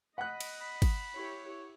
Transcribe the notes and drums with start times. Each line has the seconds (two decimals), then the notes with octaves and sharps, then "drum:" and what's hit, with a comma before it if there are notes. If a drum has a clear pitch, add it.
0.18 D#5 F#5 B5 F#6
0.41 drum: cymbal
0.61 B5
0.82 drum: kick, cymbal
1.15 E4 G4 C#5